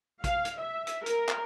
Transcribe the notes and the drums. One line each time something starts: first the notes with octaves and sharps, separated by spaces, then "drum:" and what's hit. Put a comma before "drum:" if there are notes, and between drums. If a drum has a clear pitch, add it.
F5, drum: kick, hi-hat
drum: hi-hat
E5
drum: hi-hat
A#4, drum: hi-hat
drum: clap